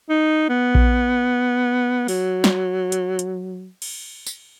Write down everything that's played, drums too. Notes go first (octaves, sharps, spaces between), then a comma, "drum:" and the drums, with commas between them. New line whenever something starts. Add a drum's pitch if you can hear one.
D#4
B3
drum: kick A#1
F#3, drum: open hi-hat
drum: snare
drum: hi-hat
drum: hi-hat
drum: cymbal
drum: tambourine